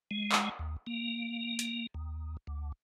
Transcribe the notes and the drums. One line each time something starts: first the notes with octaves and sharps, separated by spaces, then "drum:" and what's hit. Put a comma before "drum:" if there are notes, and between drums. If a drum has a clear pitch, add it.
G#3
drum: clap
D#2
A#3
drum: hi-hat
D#2
D2